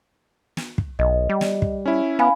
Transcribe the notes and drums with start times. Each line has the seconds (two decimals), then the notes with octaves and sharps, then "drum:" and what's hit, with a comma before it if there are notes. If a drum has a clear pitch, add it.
0.57 drum: snare
0.78 drum: kick
0.99 B1 D#5
1.29 G3
1.41 drum: snare
1.62 drum: kick
1.86 C#4 E4
2.19 B3 F5 G#5 B5